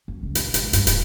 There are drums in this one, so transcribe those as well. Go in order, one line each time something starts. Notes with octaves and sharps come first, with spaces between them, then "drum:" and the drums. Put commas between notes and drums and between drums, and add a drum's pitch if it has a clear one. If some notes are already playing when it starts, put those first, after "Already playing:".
F#3
C#2
A#2, drum: hi-hat
G#1, drum: hi-hat
G2, drum: hi-hat
D1, drum: hi-hat